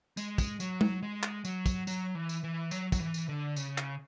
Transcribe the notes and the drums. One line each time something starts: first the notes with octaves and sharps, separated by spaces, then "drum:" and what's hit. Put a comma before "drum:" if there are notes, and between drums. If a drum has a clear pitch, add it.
G#3, drum: tambourine
drum: kick, tambourine
F#3, drum: tambourine
drum: tom
G#3
drum: clap
F#3, drum: tambourine
drum: kick, tambourine
F#3, drum: tambourine
E3
drum: tambourine
E3
F#3, drum: tambourine
F#3, drum: kick, tambourine
E3
drum: tambourine
D3
C#3, drum: tambourine
drum: clap